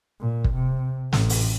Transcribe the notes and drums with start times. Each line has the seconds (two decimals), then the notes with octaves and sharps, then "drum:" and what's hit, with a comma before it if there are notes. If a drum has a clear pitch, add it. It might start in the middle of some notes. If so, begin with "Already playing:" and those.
0.20 A#2
0.44 drum: kick
0.54 C3
1.13 A1, drum: snare
1.29 drum: open hi-hat